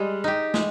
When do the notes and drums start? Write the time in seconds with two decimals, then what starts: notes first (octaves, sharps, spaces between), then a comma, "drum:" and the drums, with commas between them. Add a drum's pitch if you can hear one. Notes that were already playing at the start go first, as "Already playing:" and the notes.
Already playing: G3 G#3
0.24 D#4 G4
0.54 G#3, drum: snare